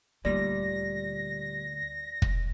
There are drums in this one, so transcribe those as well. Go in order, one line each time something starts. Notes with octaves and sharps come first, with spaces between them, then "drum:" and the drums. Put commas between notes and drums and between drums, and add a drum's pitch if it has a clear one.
D2 A#2 G3 D5 A#6
drum: kick